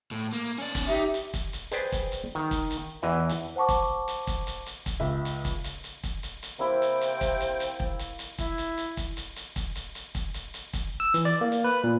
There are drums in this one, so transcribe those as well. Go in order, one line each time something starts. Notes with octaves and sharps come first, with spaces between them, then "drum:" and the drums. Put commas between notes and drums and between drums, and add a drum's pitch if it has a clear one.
A2
A#3
C#4 D5
drum: kick E1, hi-hat
D#4 G4 E5
drum: hi-hat
drum: kick E1, hi-hat
drum: hi-hat
G#4 B4 C5 D5 G5, drum: hi-hat
drum: kick E1, hi-hat
drum: hi-hat
D#3
drum: kick E1, hi-hat
drum: hi-hat
E2 E3 D#5
drum: hi-hat
C5 F#5 A5 C#6 D6
drum: kick E1, hi-hat
drum: hi-hat
drum: kick E1, hi-hat
drum: hi-hat
drum: hi-hat
drum: kick E1, hi-hat
C#2 E5
drum: hi-hat
drum: kick E1, hi-hat
drum: hi-hat
drum: hi-hat
drum: kick E1, hi-hat
drum: hi-hat
drum: hi-hat
C3 A#3 E4 C5 G5
drum: hi-hat
drum: hi-hat
drum: kick E1, hi-hat
drum: hi-hat
drum: hi-hat
drum: kick E1
drum: hi-hat
drum: hi-hat
E4, drum: kick E1, hi-hat
drum: hi-hat
drum: hi-hat
drum: kick E1, hi-hat
drum: hi-hat
drum: hi-hat
drum: kick E1, hi-hat
drum: hi-hat
drum: hi-hat
drum: kick E1, hi-hat
drum: hi-hat
drum: hi-hat
drum: kick E1, hi-hat
E6
E3, drum: hi-hat
D5
A#3
drum: hi-hat
B4
A#2